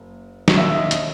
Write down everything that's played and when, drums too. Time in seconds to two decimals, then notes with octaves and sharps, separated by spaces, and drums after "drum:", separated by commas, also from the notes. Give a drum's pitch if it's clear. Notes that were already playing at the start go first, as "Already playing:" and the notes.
Already playing: F#1
0.48 drum: snare
0.58 E1 D#2 D#3 E5
0.74 D#5
0.91 D#5, drum: hi-hat